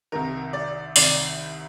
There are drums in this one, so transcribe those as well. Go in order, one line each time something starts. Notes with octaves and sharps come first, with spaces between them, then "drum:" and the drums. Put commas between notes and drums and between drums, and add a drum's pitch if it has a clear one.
C2 C3 D#3 A#4
D5
C2 C3 D#3 D5, drum: open hi-hat